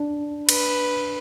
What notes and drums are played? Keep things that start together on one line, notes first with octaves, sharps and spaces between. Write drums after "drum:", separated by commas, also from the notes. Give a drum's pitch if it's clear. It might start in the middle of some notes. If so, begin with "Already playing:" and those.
Already playing: D4
B4, drum: cymbal